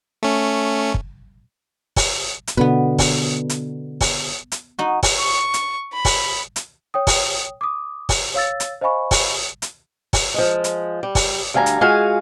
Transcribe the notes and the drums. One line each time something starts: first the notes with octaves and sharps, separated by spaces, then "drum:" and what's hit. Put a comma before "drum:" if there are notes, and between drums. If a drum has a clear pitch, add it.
A3 C#4
drum: kick
drum: kick, open hi-hat
drum: hi-hat
B2 D3 B3 B4
drum: kick, open hi-hat
drum: hi-hat
drum: kick, open hi-hat
drum: hi-hat
D#4 F#4
drum: kick, open hi-hat
C#6
drum: hi-hat
B5
drum: kick, open hi-hat
drum: hi-hat
C#5 G5 D#6
drum: kick, open hi-hat
D6 D#6
drum: kick, open hi-hat
C#5 F5 E6 A6
drum: hi-hat
C5 D#5 F5 G#5 B5 C#6
drum: kick, open hi-hat
drum: hi-hat
drum: kick, open hi-hat
F3 G#3
drum: hi-hat
G3
drum: kick, open hi-hat
D2 G3 F5 G#5 A#5
drum: hi-hat
G#3 F4 F#4 G#4 F5 G#5